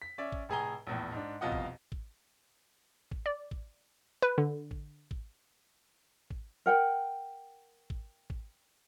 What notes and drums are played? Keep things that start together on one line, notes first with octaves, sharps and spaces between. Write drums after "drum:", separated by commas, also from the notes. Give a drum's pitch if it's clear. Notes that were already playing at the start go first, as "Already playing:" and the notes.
B6
C#4 D5 E5
drum: kick
F1 A2 G#4 G#5 A#5 G7
A#1 E2 A2
G#2 D4
C2 F2 B2 F4 D#5 F#5
drum: kick
drum: kick
drum: kick
D5
drum: kick
B4
D3
drum: kick
drum: kick
drum: kick
A#4 F#5 G5
drum: kick
drum: kick